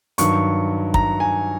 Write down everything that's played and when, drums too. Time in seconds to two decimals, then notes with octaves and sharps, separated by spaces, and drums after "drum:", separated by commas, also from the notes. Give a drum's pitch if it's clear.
0.18 G2 D#3 F#3 C#6, drum: hi-hat
0.94 A#5, drum: kick
1.20 G#5